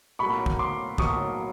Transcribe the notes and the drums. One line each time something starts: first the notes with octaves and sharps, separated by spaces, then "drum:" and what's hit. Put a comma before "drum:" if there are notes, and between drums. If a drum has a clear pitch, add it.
B1 A2 F#3 A#3 B5 C#6
drum: kick
C6 D6
B1 A2 F#3 A#3 C#6 D#6, drum: kick